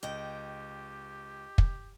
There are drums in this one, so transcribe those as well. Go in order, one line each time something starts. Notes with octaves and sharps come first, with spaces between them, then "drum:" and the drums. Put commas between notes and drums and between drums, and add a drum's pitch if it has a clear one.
C#2 G4 D#5 G5
drum: kick